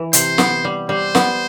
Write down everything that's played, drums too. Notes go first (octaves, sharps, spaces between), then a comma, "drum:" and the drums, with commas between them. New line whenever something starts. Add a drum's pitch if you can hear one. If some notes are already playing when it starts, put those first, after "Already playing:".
Already playing: E3
C3 C5, drum: hi-hat
B3, drum: snare
G3
G3 C5
B3, drum: snare